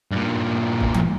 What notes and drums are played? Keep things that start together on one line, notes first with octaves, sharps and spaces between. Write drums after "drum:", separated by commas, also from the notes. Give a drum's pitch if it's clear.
G2 A#2
drum: kick
drum: tom E3